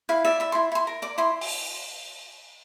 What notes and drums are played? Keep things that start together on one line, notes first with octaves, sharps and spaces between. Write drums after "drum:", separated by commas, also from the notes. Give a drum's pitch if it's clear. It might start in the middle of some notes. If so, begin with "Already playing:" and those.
E4 F5
D5 E5
E4 E5
E4 C6
E4 C6
A#4
D5 D6
E4 C6
drum: open hi-hat